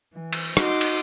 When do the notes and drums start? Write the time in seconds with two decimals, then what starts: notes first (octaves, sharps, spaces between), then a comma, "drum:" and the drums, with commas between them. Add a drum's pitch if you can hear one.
0.14 E3
0.33 drum: cymbal
0.57 D#4 F#4 C6 D6, drum: rim click
0.81 drum: cymbal